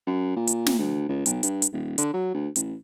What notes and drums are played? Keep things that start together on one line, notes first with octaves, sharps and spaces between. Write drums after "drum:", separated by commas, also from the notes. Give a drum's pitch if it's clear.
F#2
A#2
drum: hi-hat
drum: snare
D2
C#2
B1, drum: hi-hat
G2, drum: hi-hat
drum: hi-hat
D#1
D3, drum: hi-hat
F#3
D2
A1, drum: hi-hat